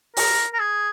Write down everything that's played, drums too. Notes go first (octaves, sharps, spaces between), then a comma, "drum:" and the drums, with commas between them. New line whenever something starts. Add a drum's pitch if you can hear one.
A#4, drum: open hi-hat
A#4
G#4